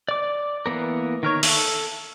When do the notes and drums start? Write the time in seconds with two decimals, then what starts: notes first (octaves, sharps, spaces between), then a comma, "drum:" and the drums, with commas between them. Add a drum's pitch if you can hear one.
0.08 D5 D6
0.66 E3 A#3 B3 A#4
1.23 D#3 A#4 C#5
1.43 A4, drum: open hi-hat